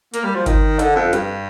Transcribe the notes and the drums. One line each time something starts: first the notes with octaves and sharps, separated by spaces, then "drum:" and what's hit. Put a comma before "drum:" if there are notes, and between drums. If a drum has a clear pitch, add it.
A#3, drum: hi-hat
G3
F3
D#3, drum: kick G1, hi-hat
D3, drum: hi-hat
F2
G2, drum: hi-hat